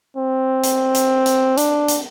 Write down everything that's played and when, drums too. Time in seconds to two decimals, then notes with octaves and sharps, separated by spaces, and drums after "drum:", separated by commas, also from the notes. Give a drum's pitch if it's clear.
0.17 C4
0.63 drum: hi-hat
0.95 drum: hi-hat
1.26 drum: hi-hat
1.57 D4, drum: hi-hat
1.88 drum: hi-hat